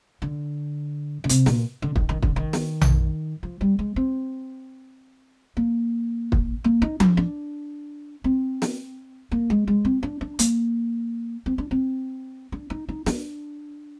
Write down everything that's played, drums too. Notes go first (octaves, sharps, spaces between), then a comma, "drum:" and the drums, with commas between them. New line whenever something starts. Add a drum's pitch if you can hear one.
D3
D3
C3, drum: hi-hat
A#2, drum: snare
D3
D#3, drum: kick
D#3
D3, drum: kick
D#3
drum: snare
drum: tom A#1
F3
G3
G#3
C4
A#3
drum: kick
A#3
D#4
D4, drum: tom F3
D4
C4
drum: snare
A#3
G#3
G#3
C4
D4
D4
A#3, drum: hi-hat
C4
D4
C4
D4
D#4
D#4
D4, drum: snare